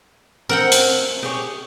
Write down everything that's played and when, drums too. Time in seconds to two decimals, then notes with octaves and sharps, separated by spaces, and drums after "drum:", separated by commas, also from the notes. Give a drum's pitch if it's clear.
0.49 C4 A#4 F#5 G5
0.72 drum: hi-hat
1.23 G4 G#4 C#5